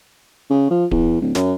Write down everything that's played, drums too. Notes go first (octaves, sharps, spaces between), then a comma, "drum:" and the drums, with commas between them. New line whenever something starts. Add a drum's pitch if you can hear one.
C#3
F3
E2, drum: kick D1
D1
F#2, drum: snare